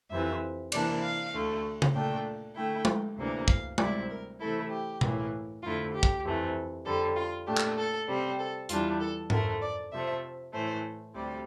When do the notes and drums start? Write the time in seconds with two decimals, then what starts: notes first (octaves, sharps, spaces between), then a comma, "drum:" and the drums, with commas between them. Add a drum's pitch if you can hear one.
0.10 F2 C3 E3 E5
0.72 C3 E3 A#3 D4 D5, drum: cymbal
1.02 F5
1.33 D2 D3 A3
1.82 drum: tom C#3
1.94 A#2 A3 D4 G5
2.55 D3 A3 E4 G5
2.85 drum: tom G#3
3.17 D2 C3 E3 A#3 D4
3.48 F5, drum: kick
3.78 D2 C3 G3 C4 E4 D5, drum: tom G#3
4.09 A#4
4.40 C3 E3 A3 E4 A4
4.70 G4
5.01 A2 E3 A#3, drum: tom B2
5.63 F2 D3 A3 E4 F4
5.93 G4
6.03 drum: kick
6.23 F2 C3 E3 A3
6.85 F2 D3 G3 A4
7.16 F4
7.47 A#2 A3 D4 G4
7.57 drum: clap
7.78 A4
8.08 C3 G3 C4
8.39 A4
8.69 E2 E3 G3 D4 F4, drum: hi-hat
9.00 A4
9.30 F2 D3 A3 A#4, drum: tom G#2
9.61 D5
9.92 C3 F3 A3 E5
10.53 A2 E3 A3 C5
11.14 D2 C3 G3 D5